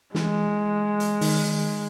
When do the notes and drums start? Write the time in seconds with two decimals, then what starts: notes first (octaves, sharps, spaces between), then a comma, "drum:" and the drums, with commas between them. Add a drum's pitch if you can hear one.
0.15 E3 G#3, drum: snare
1.00 drum: hi-hat
1.21 D#3, drum: open hi-hat